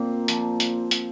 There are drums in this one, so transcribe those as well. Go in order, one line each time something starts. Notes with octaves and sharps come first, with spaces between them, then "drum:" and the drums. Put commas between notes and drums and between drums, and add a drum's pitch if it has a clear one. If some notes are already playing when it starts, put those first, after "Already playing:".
Already playing: A#2 A#3 C4
F3, drum: hi-hat
drum: hi-hat
drum: hi-hat